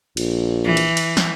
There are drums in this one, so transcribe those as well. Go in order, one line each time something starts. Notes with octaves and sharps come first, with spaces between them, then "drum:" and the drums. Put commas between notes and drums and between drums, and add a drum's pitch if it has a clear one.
A#1, drum: cymbal
E3
drum: cymbal
drum: cymbal
drum: snare